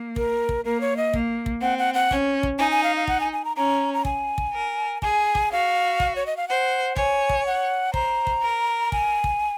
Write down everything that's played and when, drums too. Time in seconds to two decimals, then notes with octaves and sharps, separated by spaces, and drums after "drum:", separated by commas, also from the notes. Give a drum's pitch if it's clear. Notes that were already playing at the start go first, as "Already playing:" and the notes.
Already playing: A#3
0.16 A#4, drum: kick
0.49 drum: kick
0.65 A#3 A#4
0.81 C#5
0.97 D#5
1.14 A#3, drum: kick
1.46 drum: kick
1.62 C4 F#5
1.78 F#5
1.94 F#5
2.11 C#4, drum: kick
2.43 drum: kick
2.59 D#4 G#5
2.71 G#5
2.83 F5
2.96 F5
3.08 F#5, drum: kick
3.20 G#5
3.32 G#5
3.45 A#5
3.56 C#4 A#5
3.94 A#5
4.05 G#5, drum: kick
4.38 drum: kick
4.54 A#4
5.02 G#4 G#5, drum: kick
5.35 drum: kick
5.52 F#4 F5
6.00 drum: kick
6.16 C#5
6.26 D#5
6.37 F5
6.48 C5 F#5
6.96 C#5 G#5, drum: kick
7.29 drum: kick
7.46 F#5
7.94 C5 A#5, drum: kick
8.27 drum: kick
8.42 A#4
8.92 G#5, drum: kick
9.24 drum: kick